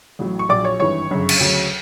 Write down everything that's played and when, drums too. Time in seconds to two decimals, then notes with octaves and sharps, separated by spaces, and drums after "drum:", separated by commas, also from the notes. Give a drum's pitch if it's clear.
0.19 A1 A2 F#3
0.39 C#6
0.49 A#1 A#2 F#3 D5 D6
0.64 C#5 C#6
0.80 G#1 G2 E3 C#5 C#6
1.10 G1 F#2 C#3
1.29 drum: cymbal
1.40 D2 C#3 F#3